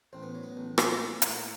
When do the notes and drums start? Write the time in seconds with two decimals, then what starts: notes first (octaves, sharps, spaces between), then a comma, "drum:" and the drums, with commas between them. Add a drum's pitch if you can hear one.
0.13 A1 C4
0.23 B3
0.35 F#3
0.43 B3
0.57 A1
0.78 A2 C4, drum: rim click
1.00 A#3
1.22 A2, drum: hi-hat